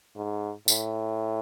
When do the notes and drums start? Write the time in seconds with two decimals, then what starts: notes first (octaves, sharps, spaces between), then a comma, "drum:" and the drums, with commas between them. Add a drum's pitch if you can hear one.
0.16 G#2
0.68 A2, drum: tambourine